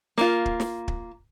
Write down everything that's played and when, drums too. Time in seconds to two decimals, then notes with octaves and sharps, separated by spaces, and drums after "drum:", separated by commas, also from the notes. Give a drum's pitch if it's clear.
0.18 A#3 F4, drum: snare
0.46 drum: kick
0.60 drum: snare
0.88 drum: kick